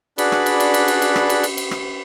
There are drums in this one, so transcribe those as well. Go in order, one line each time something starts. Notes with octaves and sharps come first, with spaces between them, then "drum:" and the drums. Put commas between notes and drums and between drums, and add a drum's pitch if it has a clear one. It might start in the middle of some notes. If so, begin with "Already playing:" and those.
D4 F#4 G#4 B4 D5 B5, drum: cymbal
drum: rim click
drum: cymbal
drum: cymbal
drum: cymbal
drum: cymbal
drum: cymbal
drum: rim click
drum: cymbal
drum: cymbal
drum: cymbal
drum: rim click